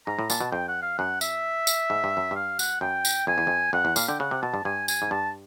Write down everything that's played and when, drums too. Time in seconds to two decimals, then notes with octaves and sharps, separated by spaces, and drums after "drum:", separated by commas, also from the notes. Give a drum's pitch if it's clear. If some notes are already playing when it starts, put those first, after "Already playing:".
0.06 G#2 A#5
0.19 A2
0.30 A#2 A5, drum: tambourine
0.41 B2
0.52 F2 G5
0.68 F#5
0.82 F5
0.98 F#2 F#5
1.21 E5, drum: tambourine
1.67 drum: tambourine
1.90 G#2
2.04 G2
2.17 F#2
2.31 G2 F5
2.59 F#5, drum: tambourine
2.81 F#2 G5
3.05 drum: tambourine
3.27 F2 G#5
3.38 E2
3.47 F2
3.73 F2 F#5
3.85 E2
3.96 A#2 F5, drum: tambourine
4.08 D3 G5
4.19 C#3 F#5
4.31 C3
4.42 B2 A5
4.54 G2
4.65 G2 G#5
4.88 G#5, drum: tambourine
5.02 G#2
5.11 G2 A5